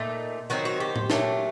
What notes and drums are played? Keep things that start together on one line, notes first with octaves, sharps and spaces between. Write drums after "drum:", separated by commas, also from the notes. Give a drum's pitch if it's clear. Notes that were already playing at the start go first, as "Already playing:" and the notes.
Already playing: A#2 A3 D#4
D#3 F#3 C4 D#4 F#4
F#4
G4
drum: tom A2
A#2 F#3 A3, drum: snare